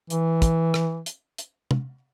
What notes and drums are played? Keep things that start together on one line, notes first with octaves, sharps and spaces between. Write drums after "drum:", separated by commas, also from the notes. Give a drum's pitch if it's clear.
E3, drum: hi-hat
drum: kick, hi-hat
drum: rim click
drum: hi-hat
drum: hi-hat
drum: tom